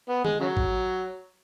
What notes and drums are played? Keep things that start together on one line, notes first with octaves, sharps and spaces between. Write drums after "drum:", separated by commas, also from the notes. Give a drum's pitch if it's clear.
B3
G#3, drum: tom D#3
C#3 F#3
drum: kick A1